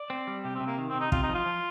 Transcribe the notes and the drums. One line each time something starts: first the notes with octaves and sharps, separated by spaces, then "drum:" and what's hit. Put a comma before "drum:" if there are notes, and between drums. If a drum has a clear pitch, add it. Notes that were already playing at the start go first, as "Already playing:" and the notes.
Already playing: D5
C4
G3
C3 G4
C4
C3
A#3
D#3
C3 C4
D#4
C3 F4, drum: kick
D#4
F3
F4
F3